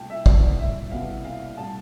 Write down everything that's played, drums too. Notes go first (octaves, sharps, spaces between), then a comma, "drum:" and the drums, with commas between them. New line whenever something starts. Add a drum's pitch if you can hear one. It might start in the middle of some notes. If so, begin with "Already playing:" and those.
Already playing: C2 B2 A3 G5 A5
E5
C2 B2 B3 D5, drum: kick
E5
C2 B2 B3 F5
F5
A2 G3 A5